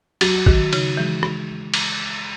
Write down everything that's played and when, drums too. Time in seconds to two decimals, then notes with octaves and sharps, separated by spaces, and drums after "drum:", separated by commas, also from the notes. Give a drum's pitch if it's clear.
0.21 F#3 F#4, drum: cymbal
0.46 D#3 F#4, drum: kick A1
0.73 C#3 D#4, drum: cymbal
0.97 E3 G#3
1.23 drum: rim click
1.74 drum: cymbal